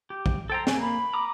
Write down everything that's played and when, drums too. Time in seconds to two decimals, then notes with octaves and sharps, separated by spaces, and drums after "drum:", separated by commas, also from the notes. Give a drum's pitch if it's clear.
0.10 G4
0.26 drum: kick
0.50 A4 C5 G5 A#5
0.67 A#3 G#5, drum: snare
0.81 B5
1.13 A#5 D6 D#6